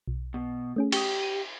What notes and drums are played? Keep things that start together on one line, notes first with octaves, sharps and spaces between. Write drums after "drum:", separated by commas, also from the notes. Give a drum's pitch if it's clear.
B1
B2
A3 C#4 G#4
G4 C#6 D#6, drum: cymbal
D#7